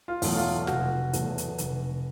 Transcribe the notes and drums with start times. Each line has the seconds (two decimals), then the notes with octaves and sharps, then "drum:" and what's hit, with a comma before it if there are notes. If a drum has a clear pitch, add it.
0.08 F4
0.22 E2 B2 F#3 A3, drum: open hi-hat
0.37 F4
0.67 F1 F#4, drum: snare
1.13 E2 B2 F#3 A3, drum: hi-hat
1.38 drum: hi-hat
1.58 F1, drum: hi-hat